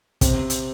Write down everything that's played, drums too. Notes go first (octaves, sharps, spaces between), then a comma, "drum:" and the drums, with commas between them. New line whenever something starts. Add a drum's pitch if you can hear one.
C3 C4, drum: kick, hi-hat
drum: hi-hat